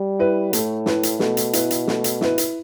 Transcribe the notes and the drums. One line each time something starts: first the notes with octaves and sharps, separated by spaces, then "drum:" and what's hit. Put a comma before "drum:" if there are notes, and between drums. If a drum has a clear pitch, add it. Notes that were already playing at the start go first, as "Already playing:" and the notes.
Already playing: G3
E4 B4
A2 A3, drum: hi-hat
E4 B4, drum: snare
drum: hi-hat
B2 A3, drum: snare
drum: hi-hat
E4 B4, drum: hi-hat
drum: hi-hat
A3, drum: snare
drum: hi-hat
E4 B4, drum: snare
drum: hi-hat